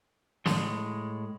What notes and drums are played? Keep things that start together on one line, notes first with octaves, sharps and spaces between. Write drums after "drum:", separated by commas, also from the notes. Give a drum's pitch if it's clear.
A2 G#3, drum: snare